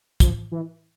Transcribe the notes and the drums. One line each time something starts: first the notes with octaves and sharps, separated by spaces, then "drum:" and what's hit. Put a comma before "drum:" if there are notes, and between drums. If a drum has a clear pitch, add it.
F3, drum: kick, hi-hat
E3